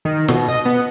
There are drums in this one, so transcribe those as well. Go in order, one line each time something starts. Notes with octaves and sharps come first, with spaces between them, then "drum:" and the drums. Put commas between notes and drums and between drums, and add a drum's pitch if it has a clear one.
D#3
B2, drum: snare
D#5
B3